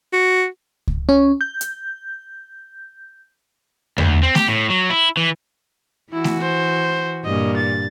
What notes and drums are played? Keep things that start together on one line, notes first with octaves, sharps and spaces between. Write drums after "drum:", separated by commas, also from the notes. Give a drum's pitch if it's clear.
F#4
drum: kick C#2
C#4
G6
drum: hi-hat
D2, drum: tom E2
C4
G4, drum: snare A3
A2
F#3
E4
E3
E3 E4 F#4
drum: snare A3
C5
G2 A#2 A#3 D#5
A6